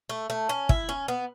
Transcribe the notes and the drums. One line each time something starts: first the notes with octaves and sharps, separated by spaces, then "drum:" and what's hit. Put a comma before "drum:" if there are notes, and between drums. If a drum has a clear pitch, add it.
A3
A3
C#4
E4, drum: kick
C#4
B3